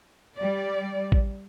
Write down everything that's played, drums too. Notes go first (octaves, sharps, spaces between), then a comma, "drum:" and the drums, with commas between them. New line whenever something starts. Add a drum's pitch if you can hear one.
G3 D5
drum: kick